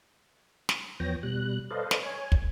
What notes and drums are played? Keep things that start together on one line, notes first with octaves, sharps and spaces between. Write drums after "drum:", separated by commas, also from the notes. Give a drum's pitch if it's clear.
drum: snare
E2 F3 B3 C#5 G5 A#6
B2 G3 F#6
A4 B4 C5 D5 D#5 F5
drum: snare
C#5 G#5
drum: kick